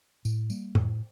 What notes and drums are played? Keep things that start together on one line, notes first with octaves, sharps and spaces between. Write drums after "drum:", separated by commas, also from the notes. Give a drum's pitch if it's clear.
A2, drum: tambourine
G3 A#3, drum: tambourine
A2, drum: tom F2